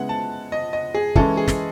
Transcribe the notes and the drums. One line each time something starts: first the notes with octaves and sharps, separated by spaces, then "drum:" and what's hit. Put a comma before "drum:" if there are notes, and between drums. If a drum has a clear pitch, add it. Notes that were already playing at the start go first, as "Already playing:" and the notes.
Already playing: C#3 G#3 B3 E4 F#5
A5
D#5
D#5
G#4
E3 G#3 C#4 E4 A4, drum: kick
G#4
drum: snare